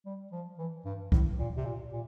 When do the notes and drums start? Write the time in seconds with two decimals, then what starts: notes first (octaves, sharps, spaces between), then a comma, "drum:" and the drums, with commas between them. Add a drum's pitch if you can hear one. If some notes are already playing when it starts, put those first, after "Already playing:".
0.06 G3
0.32 F3
0.59 E3
0.85 G2
1.12 A2, drum: kick B1
1.39 A#2
1.57 C3
1.65 A#2
1.92 A#2